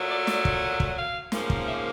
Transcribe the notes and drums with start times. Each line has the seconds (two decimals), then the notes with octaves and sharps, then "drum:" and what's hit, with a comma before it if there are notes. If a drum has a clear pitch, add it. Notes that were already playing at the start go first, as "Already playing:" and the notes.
Already playing: A#2 F#3 A3
0.10 D5
0.27 D5, drum: snare
0.45 drum: kick
0.80 drum: kick
0.98 F5
1.32 G#2 F3 A#3 C#4, drum: snare
1.50 drum: kick
1.67 E5